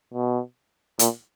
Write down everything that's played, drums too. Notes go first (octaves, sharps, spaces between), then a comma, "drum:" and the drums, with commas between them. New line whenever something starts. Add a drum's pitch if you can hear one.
B2
A#2, drum: hi-hat